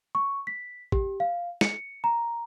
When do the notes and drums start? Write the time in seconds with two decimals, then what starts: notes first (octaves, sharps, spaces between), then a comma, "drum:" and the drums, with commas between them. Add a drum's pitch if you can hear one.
0.15 C#6
0.47 B6
0.92 G4, drum: kick A1
1.20 F5
1.61 C#7, drum: snare
2.04 A#5